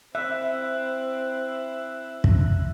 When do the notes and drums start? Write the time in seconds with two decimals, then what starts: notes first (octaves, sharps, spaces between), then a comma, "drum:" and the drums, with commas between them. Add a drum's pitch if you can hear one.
0.15 C4 E4 E5 F#6
2.24 drum: kick